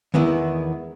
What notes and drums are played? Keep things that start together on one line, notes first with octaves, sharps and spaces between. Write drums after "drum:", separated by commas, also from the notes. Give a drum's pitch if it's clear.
E2 D#3 G#3 B3 E4, drum: tom D3